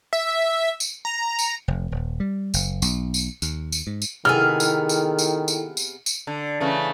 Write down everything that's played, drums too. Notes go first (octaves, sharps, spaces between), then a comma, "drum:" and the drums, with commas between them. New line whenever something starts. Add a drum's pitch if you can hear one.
E5
drum: tambourine
A#5
drum: tambourine
F1
D#1
G3
F#1, drum: tambourine
B1, drum: tambourine
drum: tambourine
D#2, drum: tambourine
drum: tambourine
G#2
drum: tambourine
C3 D#3 B3 E4 G#4 A4 G5 F6
drum: tambourine
drum: tambourine
drum: tambourine
drum: tambourine
drum: tambourine
drum: tambourine
D3
C#3 E3 A3